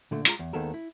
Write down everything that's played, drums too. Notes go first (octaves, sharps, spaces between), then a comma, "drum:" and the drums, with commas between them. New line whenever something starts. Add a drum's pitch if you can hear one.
A#2 D3 A3
G#3 F4 A#5, drum: hi-hat
E2
D#2 D#3 G#3 B3 A4 A#4
E4